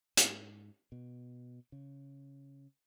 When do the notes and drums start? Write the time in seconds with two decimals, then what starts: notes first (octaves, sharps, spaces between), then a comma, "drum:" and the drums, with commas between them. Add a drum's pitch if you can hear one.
0.17 G#2, drum: hi-hat
0.92 B2
1.72 C#3